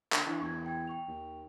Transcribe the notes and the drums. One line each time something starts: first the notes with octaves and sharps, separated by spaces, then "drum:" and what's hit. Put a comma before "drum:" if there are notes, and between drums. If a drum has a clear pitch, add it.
D3, drum: clap
E3 D4
E2 C#6 G#6
G5 G#6
G5 C#6 F7
D#2